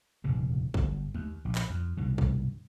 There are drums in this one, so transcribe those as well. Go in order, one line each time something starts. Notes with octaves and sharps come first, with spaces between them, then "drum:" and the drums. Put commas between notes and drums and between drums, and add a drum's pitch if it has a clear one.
F1 D#2 A#2 C#3
G1, drum: kick
D#2, drum: tom G#3
A#1
drum: clap
F2
C2 G2 B2 D#3
drum: kick